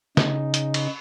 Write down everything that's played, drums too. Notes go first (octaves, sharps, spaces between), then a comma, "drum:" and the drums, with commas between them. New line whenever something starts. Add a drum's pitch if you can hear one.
C#3 D#4, drum: snare
drum: hi-hat
drum: cymbal